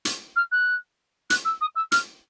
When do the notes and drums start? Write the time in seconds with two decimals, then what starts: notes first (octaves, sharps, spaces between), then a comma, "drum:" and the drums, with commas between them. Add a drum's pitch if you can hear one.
0.05 drum: hi-hat
0.36 F6
0.52 F#6
1.30 F#6, drum: hi-hat
1.45 E6
1.61 D#6
1.76 E6
1.92 F6, drum: hi-hat